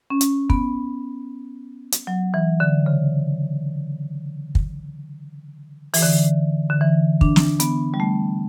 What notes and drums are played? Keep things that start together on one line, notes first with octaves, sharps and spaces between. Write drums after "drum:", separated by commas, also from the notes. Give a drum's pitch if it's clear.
C#4
drum: hi-hat
B3, drum: kick
drum: hi-hat
F#3
E3
D3
C#3
drum: kick
E3, drum: open hi-hat
D3
D3
E3
D4, drum: kick
drum: snare
B3, drum: hi-hat
G3
A3